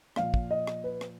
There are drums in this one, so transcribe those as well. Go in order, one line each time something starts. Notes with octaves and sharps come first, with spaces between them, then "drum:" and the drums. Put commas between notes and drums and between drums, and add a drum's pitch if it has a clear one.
A#2 F3 F5, drum: rim click
drum: kick
D#5
drum: rim click
B4
drum: rim click